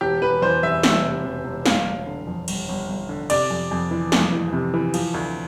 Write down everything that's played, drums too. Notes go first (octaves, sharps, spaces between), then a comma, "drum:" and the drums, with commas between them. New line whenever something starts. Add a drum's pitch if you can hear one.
E1 G4
E1 B4
E2 C5
E2 E5
E1 E5, drum: snare
C3
E1
E1
G1 F5, drum: snare
G1
D3
F2
G1, drum: cymbal
G1
G1
D3
C3 D5, drum: cymbal
F2
F2
E3
F2, drum: snare
E3
C3
E3
F3, drum: cymbal
D2